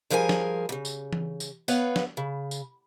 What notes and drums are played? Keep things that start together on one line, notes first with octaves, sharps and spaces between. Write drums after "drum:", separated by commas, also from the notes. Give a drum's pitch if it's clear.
G2 F3 G#4 A#4 C#5 G#5
drum: snare
D2 C#3
drum: tambourine
drum: tom E3
drum: tambourine
B3 B4 C#5 F5, drum: tambourine
drum: snare
C#3
drum: tambourine